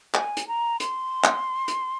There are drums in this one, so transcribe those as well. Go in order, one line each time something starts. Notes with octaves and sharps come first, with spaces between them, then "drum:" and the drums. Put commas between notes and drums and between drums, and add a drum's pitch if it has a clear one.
G#5, drum: clap
drum: hi-hat
A#5
C6, drum: hi-hat
drum: clap
drum: hi-hat